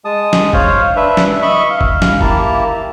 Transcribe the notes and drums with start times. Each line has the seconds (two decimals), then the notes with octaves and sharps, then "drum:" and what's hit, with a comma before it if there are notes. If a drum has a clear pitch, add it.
0.05 G#3 A5 D#6
0.33 drum: snare
0.53 C5 C#5 F5, drum: kick G1
0.96 D4 B4 E5
1.17 drum: snare
1.42 D#5 E5 B5 C#6
1.70 F5
1.81 drum: kick G1
2.02 drum: snare
2.21 A#3 E4 G4 A5 A#5, drum: kick G1